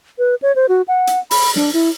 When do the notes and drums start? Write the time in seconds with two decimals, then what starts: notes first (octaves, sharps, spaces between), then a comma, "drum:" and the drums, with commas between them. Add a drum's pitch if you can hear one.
0.18 B4
0.42 C#5
0.56 C5
0.69 F#4
0.88 F#5
1.07 drum: hi-hat
1.31 B5, drum: open hi-hat
1.56 D4, drum: snare
1.73 E4